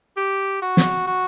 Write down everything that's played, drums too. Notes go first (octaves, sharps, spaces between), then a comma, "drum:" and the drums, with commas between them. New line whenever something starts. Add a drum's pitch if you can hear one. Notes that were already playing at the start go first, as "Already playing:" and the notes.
G4
F#4
drum: snare
F#4